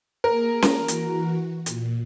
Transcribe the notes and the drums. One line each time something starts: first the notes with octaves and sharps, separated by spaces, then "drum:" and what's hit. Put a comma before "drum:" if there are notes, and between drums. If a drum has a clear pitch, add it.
A#3 G#4 A#4
drum: snare C#4
E3 F#4
drum: hi-hat
A#2, drum: hi-hat